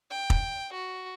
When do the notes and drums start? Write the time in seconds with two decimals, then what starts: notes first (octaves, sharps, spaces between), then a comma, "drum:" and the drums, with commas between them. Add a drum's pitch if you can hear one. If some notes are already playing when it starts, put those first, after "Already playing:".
0.11 G5
0.30 drum: kick
0.74 F#4